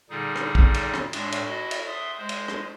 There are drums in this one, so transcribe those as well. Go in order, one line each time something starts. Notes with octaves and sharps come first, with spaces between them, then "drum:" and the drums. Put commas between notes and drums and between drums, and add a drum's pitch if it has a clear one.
A#2 D3 G3 D#4 G#4
drum: rim click
drum: kick
drum: cymbal
drum: rim click
A2 G#3 D4, drum: cymbal
drum: cymbal
E4 F#4 D#5
drum: cymbal
E5 C6 D#6
G#3 C5
drum: cymbal
drum: rim click